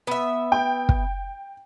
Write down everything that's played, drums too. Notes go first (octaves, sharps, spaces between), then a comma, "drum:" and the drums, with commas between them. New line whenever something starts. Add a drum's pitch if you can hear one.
B3 E5
G5
drum: kick